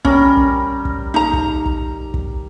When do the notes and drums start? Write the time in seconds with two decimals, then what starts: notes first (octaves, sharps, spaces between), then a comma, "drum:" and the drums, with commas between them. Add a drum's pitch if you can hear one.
0.05 G3 C#4 A#4, drum: kick
0.37 drum: kick
0.85 drum: kick
1.14 D#4 A#5
1.33 drum: kick
1.65 drum: kick
2.14 drum: kick